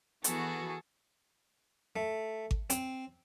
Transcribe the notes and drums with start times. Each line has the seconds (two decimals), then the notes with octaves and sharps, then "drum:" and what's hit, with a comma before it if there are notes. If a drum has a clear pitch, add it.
0.24 E3 B3 F#4 G#4 A4, drum: hi-hat
1.96 A3
2.51 drum: kick G#1
2.70 C4, drum: hi-hat